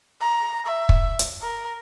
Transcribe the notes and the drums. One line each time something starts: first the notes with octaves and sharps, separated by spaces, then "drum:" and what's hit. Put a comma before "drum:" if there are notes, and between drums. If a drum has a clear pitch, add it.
A#5
E5
drum: kick
drum: hi-hat
A#4